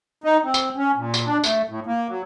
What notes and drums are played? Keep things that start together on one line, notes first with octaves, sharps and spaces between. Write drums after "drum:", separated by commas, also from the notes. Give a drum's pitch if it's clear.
D#4
C4
drum: tambourine
C#4
A#2
drum: tambourine
D4
A3, drum: tambourine
A2
A#3
F#3